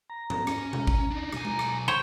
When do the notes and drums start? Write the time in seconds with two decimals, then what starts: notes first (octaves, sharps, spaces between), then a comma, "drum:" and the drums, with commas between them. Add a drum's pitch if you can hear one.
0.10 A#5
0.30 drum: tom
0.47 C#4, drum: rim click
0.73 drum: tom B2
0.87 drum: kick
1.11 D4 D#4
1.32 B1 G#5, drum: rim click
1.45 drum: tom G#3
1.59 drum: rim click
1.88 C5 C#5 G5